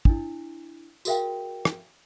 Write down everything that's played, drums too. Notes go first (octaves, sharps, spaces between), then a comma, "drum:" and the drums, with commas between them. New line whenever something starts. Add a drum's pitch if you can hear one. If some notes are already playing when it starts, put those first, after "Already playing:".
D4 E4, drum: kick
F#4 G#4 A#4 E5 F5 G5, drum: tambourine
drum: rim click